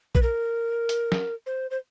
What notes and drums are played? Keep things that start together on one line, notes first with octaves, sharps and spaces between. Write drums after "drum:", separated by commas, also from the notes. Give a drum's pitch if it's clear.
B4, drum: kick A#1
A#4
drum: hi-hat
drum: snare
C5
C5